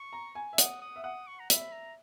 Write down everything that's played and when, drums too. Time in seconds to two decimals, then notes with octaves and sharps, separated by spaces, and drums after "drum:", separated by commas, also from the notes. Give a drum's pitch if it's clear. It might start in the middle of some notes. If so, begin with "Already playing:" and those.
Already playing: C#6
0.13 A#5
0.35 G#5
0.53 E5
0.58 F#5 D#6, drum: hi-hat
0.82 D#6
0.96 E5
1.04 F#5 D#6
1.27 C#6
1.40 A#5
1.50 E5 B5, drum: hi-hat
1.72 A#5